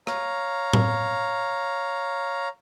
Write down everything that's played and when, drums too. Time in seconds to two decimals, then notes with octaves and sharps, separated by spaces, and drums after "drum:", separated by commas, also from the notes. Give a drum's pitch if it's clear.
0.07 C#5 F5 A#5, drum: rim click
0.73 drum: tom A2